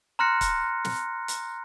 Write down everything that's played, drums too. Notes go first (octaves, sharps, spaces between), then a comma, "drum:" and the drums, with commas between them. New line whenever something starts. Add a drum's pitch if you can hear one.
A#5 C6 F6 F#6 A#6 C#7
drum: kick, hi-hat
drum: snare
drum: hi-hat